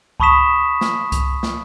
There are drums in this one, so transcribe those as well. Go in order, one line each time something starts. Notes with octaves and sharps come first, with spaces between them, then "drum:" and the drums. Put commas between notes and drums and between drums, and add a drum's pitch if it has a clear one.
A5 B5 C#6 D#6 B6 E7, drum: kick C2
drum: snare
drum: kick C2, hi-hat
drum: snare